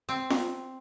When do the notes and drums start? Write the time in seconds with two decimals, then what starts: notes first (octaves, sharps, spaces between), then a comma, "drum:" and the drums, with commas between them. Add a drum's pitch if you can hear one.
0.09 C4
0.30 drum: snare